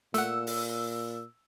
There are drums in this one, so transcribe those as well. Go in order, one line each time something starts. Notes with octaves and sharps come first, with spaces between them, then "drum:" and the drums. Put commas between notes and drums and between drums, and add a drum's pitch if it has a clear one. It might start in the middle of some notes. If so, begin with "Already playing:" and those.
A#2 A3 F#5 E6, drum: hi-hat
drum: open hi-hat